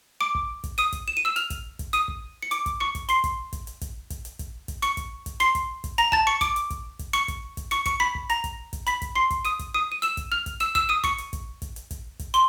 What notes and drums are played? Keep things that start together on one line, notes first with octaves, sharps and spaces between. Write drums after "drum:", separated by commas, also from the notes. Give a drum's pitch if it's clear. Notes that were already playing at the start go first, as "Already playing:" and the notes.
D6 D7
drum: kick
drum: kick, hi-hat
D#6 D#7, drum: hi-hat
drum: kick, hi-hat
E7
D#7
E6 E7
F6 F7, drum: hi-hat
drum: kick, hi-hat
drum: kick, hi-hat
D#6 D#7, drum: hi-hat
drum: kick
C#7
D6 D7, drum: hi-hat
drum: kick, hi-hat
C#6 C#7
drum: kick, hi-hat
C6 C7, drum: hi-hat
drum: kick, hi-hat
drum: kick, hi-hat
drum: hi-hat
drum: kick, hi-hat
drum: kick, hi-hat
drum: hi-hat
drum: kick, hi-hat
drum: kick, hi-hat
C#6 C#7, drum: hi-hat
drum: kick, hi-hat
drum: kick, hi-hat
C6 C7, drum: hi-hat
drum: kick, hi-hat
drum: kick, hi-hat
A#5 A#6, drum: hi-hat
A5 A6, drum: kick
C#6 C#7
D6 D7, drum: kick, hi-hat
drum: hi-hat
drum: kick, hi-hat
drum: kick, hi-hat
C#6 C#7, drum: hi-hat
drum: kick, hi-hat
drum: kick, hi-hat
C#6 C#7, drum: hi-hat
C#6 C#7, drum: kick, hi-hat
B5 B6
drum: kick
A#5 A#6, drum: hi-hat
drum: kick, hi-hat
drum: kick, hi-hat
B5 B6, drum: hi-hat
drum: kick, hi-hat
C6 C7
drum: kick, hi-hat
D#6 D#7, drum: hi-hat
drum: kick, hi-hat
D#6 D#7
D#7
E6 E7, drum: hi-hat
drum: kick, hi-hat
F6 F7
drum: kick, hi-hat
E6 E7, drum: hi-hat
E6 E7, drum: kick, hi-hat
D#6 D#7
C#6 C#7, drum: kick, hi-hat
drum: hi-hat
drum: kick, hi-hat
drum: kick, hi-hat
drum: hi-hat
drum: kick, hi-hat
drum: kick, hi-hat
C6, drum: hi-hat